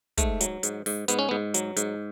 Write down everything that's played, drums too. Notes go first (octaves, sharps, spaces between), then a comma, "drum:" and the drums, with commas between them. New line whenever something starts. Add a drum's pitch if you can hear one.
G#2 A3, drum: kick, hi-hat
F#3, drum: hi-hat
G#2, drum: hi-hat
G#2, drum: open hi-hat
G#2 B3, drum: hi-hat
C#4
G#2 B3
F#3, drum: hi-hat
G#2, drum: hi-hat